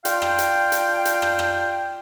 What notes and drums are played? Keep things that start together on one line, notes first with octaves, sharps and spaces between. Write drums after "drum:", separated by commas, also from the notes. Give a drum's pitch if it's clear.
D4 F4 F5 G5, drum: hi-hat
drum: rim click
drum: hi-hat
drum: hi-hat
drum: hi-hat
drum: rim click
drum: rim click